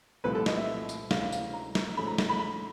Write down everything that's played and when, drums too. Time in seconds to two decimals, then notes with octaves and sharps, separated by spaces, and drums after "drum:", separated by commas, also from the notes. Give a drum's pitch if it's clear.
0.24 C2 A#2 F3 A3 C4 B4
0.35 A4
0.46 D#5, drum: snare
0.57 E5
0.89 drum: tambourine
1.11 D2 C3 E3 G#3 C#4 F5, drum: snare
1.21 F5
1.32 F5, drum: tambourine
1.53 A#5
1.75 drum: snare
1.97 G#2 F3 A3 C#4 B5
2.07 A#5
2.18 drum: snare
2.29 B5
2.39 B5